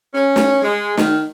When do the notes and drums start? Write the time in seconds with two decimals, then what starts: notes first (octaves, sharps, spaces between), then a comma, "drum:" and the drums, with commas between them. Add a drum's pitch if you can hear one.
0.14 C#4
0.36 drum: snare
0.62 G#3
0.97 D#3, drum: snare